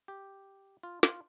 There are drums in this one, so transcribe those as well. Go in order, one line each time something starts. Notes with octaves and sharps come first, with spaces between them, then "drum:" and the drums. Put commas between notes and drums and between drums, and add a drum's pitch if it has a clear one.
G4
F4
F4, drum: snare